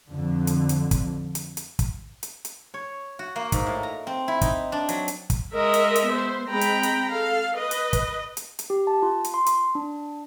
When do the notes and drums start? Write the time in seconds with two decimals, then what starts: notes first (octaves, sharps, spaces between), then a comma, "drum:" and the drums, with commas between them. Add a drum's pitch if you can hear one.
0.11 F2 D3
0.47 drum: hi-hat
0.69 drum: hi-hat
0.91 drum: kick, hi-hat
1.35 drum: hi-hat
1.57 drum: hi-hat
1.79 drum: kick, hi-hat
2.23 drum: hi-hat
2.45 drum: hi-hat
2.74 C#5
3.19 F#4
3.36 A#3
3.52 G#2, drum: kick, hi-hat
3.66 A2
3.83 A#5
4.07 C4
4.28 E4
4.41 D#4, drum: kick, hi-hat
4.72 D4
4.89 F#3, drum: hi-hat
5.08 drum: hi-hat
5.30 drum: kick, hi-hat
5.54 G#3 A#4 D#5 E5
5.74 drum: hi-hat
5.96 drum: hi-hat
6.09 B3 C5
6.50 G#3 C4 G5 A#5 B5
6.61 drum: hi-hat
6.83 drum: hi-hat
7.11 A4 F5
7.57 B4 D#5
7.71 drum: hi-hat
7.93 drum: kick, hi-hat
8.37 drum: hi-hat
8.59 drum: hi-hat
8.70 G4
8.87 A5
9.03 F4
9.24 drum: hi-hat
9.34 C6
9.46 drum: hi-hat
9.75 D4